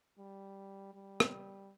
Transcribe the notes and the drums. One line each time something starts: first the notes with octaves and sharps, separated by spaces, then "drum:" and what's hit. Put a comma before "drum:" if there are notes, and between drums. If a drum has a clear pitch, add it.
G3
G3
drum: rim click